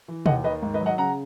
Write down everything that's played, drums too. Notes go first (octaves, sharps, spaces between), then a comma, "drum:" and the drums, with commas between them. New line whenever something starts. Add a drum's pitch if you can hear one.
E3
D#2 D#5 F#5, drum: tom
D#3 B4 D#5
G#2
B4 D#5
F#3
D#5 F#5
C#3 F#5 A#5